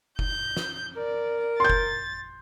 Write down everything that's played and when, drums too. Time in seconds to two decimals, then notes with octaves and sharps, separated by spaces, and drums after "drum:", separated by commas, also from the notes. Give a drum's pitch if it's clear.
0.19 G6, drum: kick F#1
0.57 drum: snare
0.96 A#4 D5
1.60 C6 G6 A6
1.69 drum: kick F#1